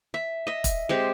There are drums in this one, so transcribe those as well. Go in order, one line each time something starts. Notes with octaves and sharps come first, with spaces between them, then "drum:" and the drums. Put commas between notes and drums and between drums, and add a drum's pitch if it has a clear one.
E5
D#5 E5
drum: kick, hi-hat
G#3 C4 G4